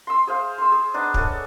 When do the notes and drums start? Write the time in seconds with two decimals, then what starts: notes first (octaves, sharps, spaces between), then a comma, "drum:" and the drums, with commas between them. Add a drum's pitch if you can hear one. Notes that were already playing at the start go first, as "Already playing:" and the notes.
0.07 C6 E6
0.27 G#4 C5 F5
0.58 C6 E6
0.72 G#4
0.94 B3 D4 D#4
1.14 G#3 C#4 A4 G#5, drum: kick